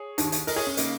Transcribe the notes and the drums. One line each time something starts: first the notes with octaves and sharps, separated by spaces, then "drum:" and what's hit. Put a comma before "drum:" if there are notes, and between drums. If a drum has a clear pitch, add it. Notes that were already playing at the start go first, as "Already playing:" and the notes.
Already playing: G#4 C#5
D#2 D#3, drum: hi-hat
drum: hi-hat
A#4 D#5, drum: open hi-hat
G#4 C#5
C#4
C#3 A#3 D#4, drum: hi-hat